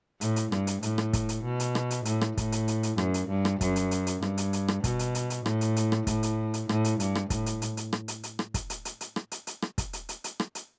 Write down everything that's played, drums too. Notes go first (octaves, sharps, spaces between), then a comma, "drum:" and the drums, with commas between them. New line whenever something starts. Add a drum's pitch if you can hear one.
A2, drum: hi-hat
drum: hi-hat
G2, drum: rim click
drum: hi-hat
A2, drum: hi-hat
drum: rim click
drum: kick, hi-hat
drum: hi-hat
B2
drum: hi-hat
drum: rim click
drum: hi-hat
A2, drum: hi-hat
drum: rim click
A2, drum: kick, hi-hat
drum: hi-hat
drum: hi-hat
drum: hi-hat
F#2, drum: rim click
drum: hi-hat
G2
drum: rim click
F#2, drum: kick, hi-hat
drum: hi-hat
drum: hi-hat
drum: hi-hat
G2, drum: rim click
drum: hi-hat
drum: hi-hat
drum: rim click
B2, drum: kick, hi-hat
drum: hi-hat
drum: hi-hat
drum: hi-hat
A2, drum: rim click
drum: hi-hat
drum: hi-hat
drum: rim click
A2, drum: kick, hi-hat
drum: hi-hat
drum: hi-hat
A2, drum: rim click
drum: hi-hat
G2, drum: hi-hat
drum: rim click
A2, drum: kick, hi-hat
drum: hi-hat
drum: hi-hat
drum: hi-hat
drum: rim click
drum: hi-hat
drum: hi-hat
drum: rim click
drum: kick, hi-hat
drum: hi-hat
drum: hi-hat
drum: hi-hat
drum: rim click
drum: hi-hat
drum: hi-hat
drum: rim click
drum: kick, hi-hat
drum: hi-hat
drum: hi-hat
drum: hi-hat
drum: rim click
drum: hi-hat